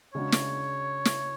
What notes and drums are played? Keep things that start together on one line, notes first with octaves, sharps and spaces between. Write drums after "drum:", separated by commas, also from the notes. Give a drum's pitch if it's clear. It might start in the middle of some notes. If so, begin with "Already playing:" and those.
C#3 G#3 D4 F#4 C#5
drum: snare
drum: snare